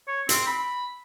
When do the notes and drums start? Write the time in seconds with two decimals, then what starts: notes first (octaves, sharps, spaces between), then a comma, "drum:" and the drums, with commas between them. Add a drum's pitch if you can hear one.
0.08 C#5
0.29 C4, drum: hi-hat
0.47 B5